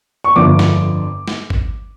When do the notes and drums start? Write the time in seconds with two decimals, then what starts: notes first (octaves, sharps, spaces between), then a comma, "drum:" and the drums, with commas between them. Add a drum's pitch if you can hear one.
0.24 C#6
0.36 G1 F2 D3 F3 D6
0.59 drum: snare
1.28 drum: snare
1.50 drum: kick